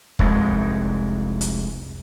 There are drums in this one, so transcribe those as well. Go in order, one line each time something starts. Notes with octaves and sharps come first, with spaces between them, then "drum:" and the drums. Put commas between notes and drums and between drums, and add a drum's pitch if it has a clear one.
F1 C2 G#2 G#3, drum: kick
drum: hi-hat